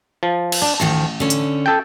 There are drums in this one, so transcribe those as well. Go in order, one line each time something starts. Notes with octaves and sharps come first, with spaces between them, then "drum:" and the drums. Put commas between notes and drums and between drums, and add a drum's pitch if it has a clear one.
F3
drum: cymbal
D4 A5
A1 D2 D#3 F3
D3 C#4
drum: hi-hat
A4 G5